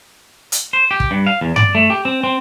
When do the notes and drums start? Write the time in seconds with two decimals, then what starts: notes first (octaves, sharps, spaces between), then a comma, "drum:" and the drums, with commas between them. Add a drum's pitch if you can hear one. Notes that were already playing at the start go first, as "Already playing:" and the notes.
0.52 drum: hi-hat
0.73 C5
0.91 G4
1.00 drum: kick
1.11 G2
1.27 F5
1.41 E2
1.56 D5, drum: tom G2
1.75 A3
1.90 G4
2.05 C4
2.24 C4